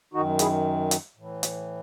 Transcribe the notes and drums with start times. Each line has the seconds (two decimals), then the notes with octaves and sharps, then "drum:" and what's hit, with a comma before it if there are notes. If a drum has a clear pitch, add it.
0.13 F#2 D#3 D#4 F#4
0.39 E4 G#4, drum: hi-hat
0.91 drum: hi-hat
1.16 A2 E3
1.43 drum: hi-hat